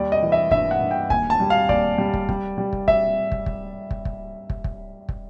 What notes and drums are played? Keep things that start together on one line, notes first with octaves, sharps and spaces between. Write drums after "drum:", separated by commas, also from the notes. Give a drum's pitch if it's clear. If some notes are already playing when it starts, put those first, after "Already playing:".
Already playing: D#2 G3 D5
D#5
E3
E5
G2 E5, drum: kick
F#5
G2
G5
D#2 G#5, drum: kick
A5
G3
F5
D#2 D5, drum: kick
G3
drum: kick
G3, drum: kick
G3
drum: kick
E5, drum: kick
drum: kick
drum: kick
drum: kick
drum: kick
drum: kick
drum: kick
drum: kick